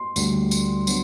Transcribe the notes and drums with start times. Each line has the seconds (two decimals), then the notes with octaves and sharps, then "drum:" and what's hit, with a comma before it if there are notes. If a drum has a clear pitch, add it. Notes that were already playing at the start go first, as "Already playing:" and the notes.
Already playing: C6
0.16 D2 D3 G3, drum: tambourine
0.51 drum: tambourine
0.87 F#3 B3 D4, drum: tambourine